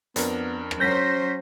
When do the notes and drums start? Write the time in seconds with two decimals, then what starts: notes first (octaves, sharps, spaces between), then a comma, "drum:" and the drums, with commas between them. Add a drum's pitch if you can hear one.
0.16 F2 B3 D4 A#4, drum: hi-hat
0.71 drum: rim click
0.80 F#3 C#4 C5 G6 A#6 B6